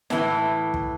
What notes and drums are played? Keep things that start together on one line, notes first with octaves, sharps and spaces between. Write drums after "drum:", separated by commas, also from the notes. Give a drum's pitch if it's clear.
A2 E3, drum: snare
drum: kick